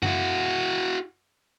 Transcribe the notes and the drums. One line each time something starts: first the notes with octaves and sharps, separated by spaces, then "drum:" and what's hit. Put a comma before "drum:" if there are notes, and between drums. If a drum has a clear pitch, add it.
E4 F#4, drum: tom F#2